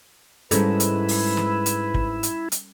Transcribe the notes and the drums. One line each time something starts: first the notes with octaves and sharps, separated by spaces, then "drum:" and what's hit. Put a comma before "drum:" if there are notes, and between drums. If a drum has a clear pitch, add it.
G#2 G3 C#4 E4 A4 B4, drum: hi-hat
drum: hi-hat
drum: open hi-hat
drum: snare
drum: hi-hat
drum: kick
drum: hi-hat
drum: hi-hat